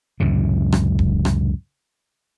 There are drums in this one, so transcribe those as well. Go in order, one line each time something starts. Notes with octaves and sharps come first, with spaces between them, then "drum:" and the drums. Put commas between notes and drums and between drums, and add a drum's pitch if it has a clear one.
C#2 F#2 A2 C3
drum: rim click
drum: kick D#1
drum: rim click